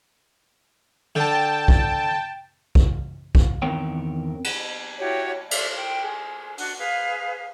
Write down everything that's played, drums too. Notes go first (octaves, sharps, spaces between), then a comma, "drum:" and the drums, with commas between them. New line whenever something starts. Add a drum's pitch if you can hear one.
D3 G5 A5
drum: kick B1
drum: kick B1
drum: kick B1
E2 D#3 C4 A#4 C#5 G5
drum: cymbal
E4 F#4 G4 C#5
C#5 D5 E5 F5, drum: cymbal
G5
G#4
D4 F#4 F#5, drum: open hi-hat
G#4 B4 F5